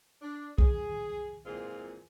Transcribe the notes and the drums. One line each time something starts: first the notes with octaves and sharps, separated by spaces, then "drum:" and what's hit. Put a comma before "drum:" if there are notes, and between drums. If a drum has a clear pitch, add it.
D4
G#4, drum: kick
A#2 E3 G#3 C4 F4 G#4